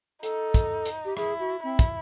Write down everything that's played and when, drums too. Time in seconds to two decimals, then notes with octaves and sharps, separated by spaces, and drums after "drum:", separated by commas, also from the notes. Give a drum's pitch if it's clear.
0.23 D#4 A4, drum: hi-hat
0.54 drum: kick, hi-hat
0.86 drum: hi-hat
1.05 G4
1.17 E4 G#4, drum: rim click
1.40 F#4
1.63 C4 E4
1.79 drum: kick, hi-hat